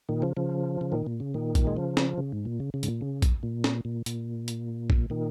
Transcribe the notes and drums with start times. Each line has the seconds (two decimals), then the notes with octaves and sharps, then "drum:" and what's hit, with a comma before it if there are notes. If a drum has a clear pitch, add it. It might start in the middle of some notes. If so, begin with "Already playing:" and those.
0.09 A#2 D#3
0.22 C#3 F3
0.37 C#3 F3
0.81 C#3
0.92 A#2 D#3
1.06 A#2
1.20 C#3
1.34 A#2 D#3
1.55 drum: kick, hi-hat
1.67 G#3
1.77 C#3 F3
1.97 drum: snare
2.18 C#3
2.32 G#2
2.45 A#2
2.60 C#3
2.74 C#3
2.83 G#2, drum: hi-hat
2.88 A#2
3.01 C#3
3.22 drum: kick, hi-hat
3.43 A#2
3.64 drum: snare
3.85 A#2
4.06 A#2, drum: hi-hat
4.48 drum: hi-hat
4.90 drum: kick
5.10 A#2 D#3